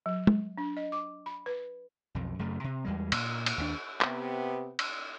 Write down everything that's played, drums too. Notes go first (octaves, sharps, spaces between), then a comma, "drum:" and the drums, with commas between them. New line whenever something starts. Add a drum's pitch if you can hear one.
F#3
drum: tom G#3
D4
D#5
D6
B5
B4
B1 F2
F#2 C#3 A3
C3
E2 G3 G#3
A#2, drum: cymbal
drum: cymbal
D#2 G3 D4
C3 B3, drum: clap
drum: cymbal